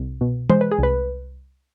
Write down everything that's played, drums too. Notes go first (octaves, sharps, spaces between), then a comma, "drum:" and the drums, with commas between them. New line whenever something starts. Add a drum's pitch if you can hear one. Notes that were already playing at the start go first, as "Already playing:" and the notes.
Already playing: C2
B2
G#3 C5, drum: tom E3
B4
G#4
C2 B4